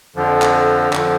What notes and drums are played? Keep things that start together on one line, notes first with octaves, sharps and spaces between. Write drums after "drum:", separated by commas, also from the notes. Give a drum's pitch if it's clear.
F2 D3 F3
drum: clap
F2 D3 F3, drum: clap